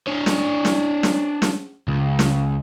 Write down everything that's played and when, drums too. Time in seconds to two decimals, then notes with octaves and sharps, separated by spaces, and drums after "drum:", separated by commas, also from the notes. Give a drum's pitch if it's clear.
0.07 D4 C#5
0.26 drum: snare
0.65 drum: snare
1.03 drum: snare
1.42 drum: snare
1.88 C#2
2.19 drum: snare